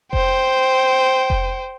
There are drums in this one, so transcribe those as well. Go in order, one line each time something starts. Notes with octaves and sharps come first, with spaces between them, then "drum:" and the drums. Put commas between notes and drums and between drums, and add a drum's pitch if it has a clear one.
C5 G5, drum: kick F1
drum: kick F1